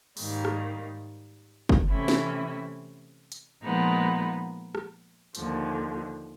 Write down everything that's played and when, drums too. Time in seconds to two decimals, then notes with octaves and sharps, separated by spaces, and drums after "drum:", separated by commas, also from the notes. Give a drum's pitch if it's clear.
0.17 G#2 D#3 G3 A#3, drum: open hi-hat
0.45 drum: rim click
1.69 drum: kick
1.90 C3 E3 A3 C#4 E4
2.08 drum: snare
3.32 drum: hi-hat
3.62 A#2 F3 G#3 B3 D#4
4.75 drum: rim click
5.35 D#2 D3 F3, drum: hi-hat